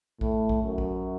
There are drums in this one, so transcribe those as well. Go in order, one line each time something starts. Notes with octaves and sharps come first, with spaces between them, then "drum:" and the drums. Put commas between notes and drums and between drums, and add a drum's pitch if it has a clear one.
A2, drum: kick A#1
drum: kick A#1
F#2
drum: kick A#1